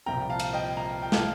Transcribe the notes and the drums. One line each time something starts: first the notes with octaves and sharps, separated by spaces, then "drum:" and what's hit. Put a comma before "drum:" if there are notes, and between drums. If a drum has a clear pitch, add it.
C2 A#2 F3 G5 A#5
F5 A5
drum: cymbal
D#5 G5
G5 A#5
G5
F5 A5, drum: snare